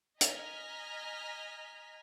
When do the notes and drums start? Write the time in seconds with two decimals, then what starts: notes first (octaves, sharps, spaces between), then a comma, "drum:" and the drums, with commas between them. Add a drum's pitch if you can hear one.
0.21 D#5 G#5 A#5 F6 B6, drum: hi-hat